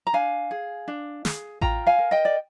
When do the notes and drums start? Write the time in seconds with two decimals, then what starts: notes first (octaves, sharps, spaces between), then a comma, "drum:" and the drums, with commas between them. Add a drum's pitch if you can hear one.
0.07 A#5
0.13 D4 F5 G#5
0.51 G#4
0.88 D4
1.25 G#4, drum: snare
1.61 F4 G5 A#5, drum: kick A1
1.86 F5 G#5
1.99 A#4
2.11 D#5 G5
2.25 D5